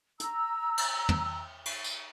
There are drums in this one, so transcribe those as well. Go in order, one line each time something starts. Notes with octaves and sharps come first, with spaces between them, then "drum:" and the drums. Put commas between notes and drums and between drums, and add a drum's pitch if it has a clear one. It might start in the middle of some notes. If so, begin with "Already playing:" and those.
A#5 E6, drum: hi-hat
drum: cymbal
drum: tom
drum: cymbal
drum: tambourine